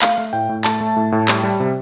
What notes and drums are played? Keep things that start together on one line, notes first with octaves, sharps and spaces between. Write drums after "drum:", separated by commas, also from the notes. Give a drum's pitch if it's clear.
A3 F5, drum: clap
A3
A2 G5
A2
A3 A5, drum: clap
A3
A2
A2
G3, drum: clap
G3
C3